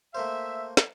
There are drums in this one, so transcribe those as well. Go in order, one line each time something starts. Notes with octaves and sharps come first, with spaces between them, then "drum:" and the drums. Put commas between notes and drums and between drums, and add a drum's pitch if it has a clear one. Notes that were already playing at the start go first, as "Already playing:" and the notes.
A3 A#3 C5 E5
drum: snare